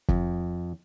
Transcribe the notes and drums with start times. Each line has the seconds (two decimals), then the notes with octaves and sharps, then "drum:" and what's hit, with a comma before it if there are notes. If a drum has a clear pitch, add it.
0.09 F2, drum: kick